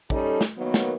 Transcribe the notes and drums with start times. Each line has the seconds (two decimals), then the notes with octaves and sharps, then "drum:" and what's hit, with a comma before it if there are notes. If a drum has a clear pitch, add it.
0.10 G3 C#4 D#4 A4, drum: kick
0.41 drum: snare
0.57 D#3 F#3 A#3 B3
0.74 drum: snare